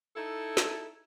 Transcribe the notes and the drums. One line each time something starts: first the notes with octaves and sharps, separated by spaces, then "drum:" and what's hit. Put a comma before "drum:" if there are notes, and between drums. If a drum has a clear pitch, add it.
D#4 E4 A4
drum: snare